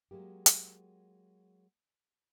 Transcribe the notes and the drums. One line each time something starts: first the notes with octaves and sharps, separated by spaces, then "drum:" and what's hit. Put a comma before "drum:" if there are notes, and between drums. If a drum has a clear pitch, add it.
F#3 G#3 A#3 G4
drum: hi-hat